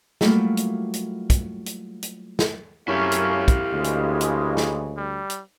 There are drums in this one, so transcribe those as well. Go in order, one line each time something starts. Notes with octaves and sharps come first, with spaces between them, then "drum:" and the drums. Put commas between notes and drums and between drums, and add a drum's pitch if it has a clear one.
F#3 G3 A3 A#3 E4 F4, drum: snare
drum: hi-hat
drum: hi-hat
drum: kick, hi-hat
drum: hi-hat
drum: hi-hat
drum: snare
F#2 A3 A#3 C#4 E4 G4 F5
drum: hi-hat
drum: kick, hi-hat
D2 G2 C#3 G#3
drum: hi-hat
drum: hi-hat
drum: snare
G3
drum: hi-hat